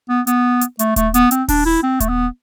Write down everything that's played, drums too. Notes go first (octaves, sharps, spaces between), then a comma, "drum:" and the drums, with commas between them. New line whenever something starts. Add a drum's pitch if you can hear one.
B3
B3, drum: hi-hat
drum: hi-hat
A3, drum: hi-hat
A3, drum: kick D#1, hi-hat
B3, drum: hi-hat
C4, drum: hi-hat
D4, drum: kick D#1, open hi-hat
E4
C4
A3, drum: kick D#1, hi-hat
B3